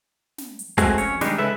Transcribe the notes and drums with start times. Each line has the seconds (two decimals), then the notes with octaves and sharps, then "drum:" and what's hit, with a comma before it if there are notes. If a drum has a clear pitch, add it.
0.38 drum: snare
0.59 drum: hi-hat
0.78 G#3 A3 C4 F#4 G#4, drum: kick, hi-hat
0.98 F2 C#4 C#5, drum: hi-hat
1.21 D#3 G3 G#3 D4 D#4, drum: snare
1.38 C#3 G#3 A4 B4 E5